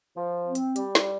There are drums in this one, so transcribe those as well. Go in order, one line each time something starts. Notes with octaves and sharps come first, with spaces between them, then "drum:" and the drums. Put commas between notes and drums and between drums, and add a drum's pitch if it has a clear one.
F3
C4
drum: hi-hat
G3, drum: hi-hat
drum: snare